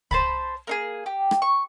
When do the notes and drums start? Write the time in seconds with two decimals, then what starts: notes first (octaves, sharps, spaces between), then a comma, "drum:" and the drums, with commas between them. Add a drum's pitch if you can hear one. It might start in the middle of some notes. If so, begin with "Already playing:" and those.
0.11 C5 A5 B5, drum: kick C2
0.67 A#3 D#4 G#4
1.06 G4
1.31 drum: rim click
1.42 C#6